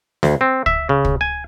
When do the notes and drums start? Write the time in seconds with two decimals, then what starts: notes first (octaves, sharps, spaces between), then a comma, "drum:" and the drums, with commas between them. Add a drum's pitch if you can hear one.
0.23 D2, drum: snare
0.41 C4
0.66 E5, drum: kick
0.89 C#3
1.05 drum: kick
1.21 G#5